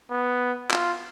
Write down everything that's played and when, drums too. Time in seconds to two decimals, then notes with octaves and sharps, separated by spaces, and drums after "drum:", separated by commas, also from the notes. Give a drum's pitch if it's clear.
0.10 B3
0.71 F4, drum: clap